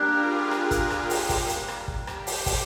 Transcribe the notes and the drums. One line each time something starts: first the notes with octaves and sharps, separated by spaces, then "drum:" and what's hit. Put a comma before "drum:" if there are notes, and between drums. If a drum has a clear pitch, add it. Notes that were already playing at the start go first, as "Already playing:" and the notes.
Already playing: G3 A#3 D4 G4 A#4
F4 G#4
drum: rim click
drum: kick, hi-hat
drum: rim click
drum: open hi-hat
drum: kick, open hi-hat
drum: hi-hat
drum: rim click
drum: kick
G4, drum: rim click
drum: open hi-hat
drum: kick, open hi-hat